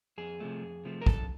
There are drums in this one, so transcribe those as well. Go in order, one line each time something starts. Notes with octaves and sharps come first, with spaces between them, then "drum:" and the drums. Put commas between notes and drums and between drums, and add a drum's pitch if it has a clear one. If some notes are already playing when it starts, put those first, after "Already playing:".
F2 G#4
C3 F3 A3
F2
C3 F3 A3
A#4
F2 A4, drum: kick